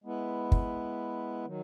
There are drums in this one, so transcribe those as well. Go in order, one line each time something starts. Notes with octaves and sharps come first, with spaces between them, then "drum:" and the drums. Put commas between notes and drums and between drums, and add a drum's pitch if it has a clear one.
G#3 B3 E4 B4
drum: kick
D#3 F#3